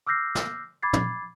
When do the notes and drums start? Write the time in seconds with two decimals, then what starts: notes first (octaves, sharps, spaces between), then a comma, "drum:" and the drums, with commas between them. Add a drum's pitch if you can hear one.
0.07 D6 E6 F6 G6 A#6 C7
0.35 drum: snare
0.83 B5 D6 G#6 A6 C7
0.93 drum: tom